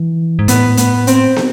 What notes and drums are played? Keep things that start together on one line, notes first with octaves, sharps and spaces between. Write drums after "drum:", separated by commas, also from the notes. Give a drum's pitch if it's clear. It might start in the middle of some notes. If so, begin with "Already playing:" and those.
Already playing: E3
G#2
A2 B3, drum: hi-hat
B3, drum: hi-hat
C4, drum: hi-hat
drum: snare